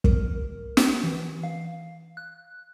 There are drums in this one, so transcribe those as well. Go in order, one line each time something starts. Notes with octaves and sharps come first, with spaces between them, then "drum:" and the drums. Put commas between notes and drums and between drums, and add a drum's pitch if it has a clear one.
A#4, drum: kick
drum: snare
E3
F5
F#6